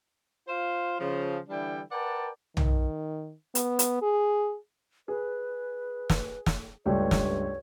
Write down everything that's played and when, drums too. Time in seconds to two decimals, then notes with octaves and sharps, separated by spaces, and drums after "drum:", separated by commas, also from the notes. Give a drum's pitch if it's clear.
0.48 F4 C5 F5
1.00 C#3 F3
1.49 D3 E3 G3 D4 E4 G5
1.92 A#4 B4 D5 F#5 G5 A5
2.57 D#3, drum: tom B1
3.55 B3, drum: hi-hat
3.79 drum: hi-hat
4.02 G#4
5.08 G#4 B4
6.10 drum: snare
6.46 drum: snare
6.86 C#2 G2 A3 D4 G4 C#5
7.11 drum: snare